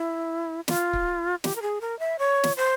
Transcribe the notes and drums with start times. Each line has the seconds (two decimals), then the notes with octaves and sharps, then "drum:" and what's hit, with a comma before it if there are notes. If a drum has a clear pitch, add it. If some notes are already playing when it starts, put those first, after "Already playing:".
Already playing: E4
0.68 F4, drum: snare
0.93 drum: kick
1.44 G4, drum: snare
1.56 A#4
1.62 G#4
1.81 A#4
1.99 E5
2.19 C#5
2.44 drum: snare
2.57 C5